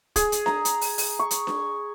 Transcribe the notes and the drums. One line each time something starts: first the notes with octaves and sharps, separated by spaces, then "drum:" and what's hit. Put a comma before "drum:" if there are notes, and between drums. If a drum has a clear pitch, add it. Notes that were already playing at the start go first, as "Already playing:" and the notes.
G#4, drum: kick, hi-hat
drum: hi-hat
A#5, drum: snare D4
drum: hi-hat
drum: open hi-hat
drum: open hi-hat
C#6
drum: hi-hat
drum: snare D4